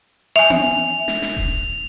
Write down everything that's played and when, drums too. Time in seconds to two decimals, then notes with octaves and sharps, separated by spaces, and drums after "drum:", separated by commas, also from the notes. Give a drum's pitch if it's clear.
0.36 E5 G#5 F7
0.50 drum: tom B3
1.08 drum: snare
1.22 drum: snare
1.37 drum: kick D#1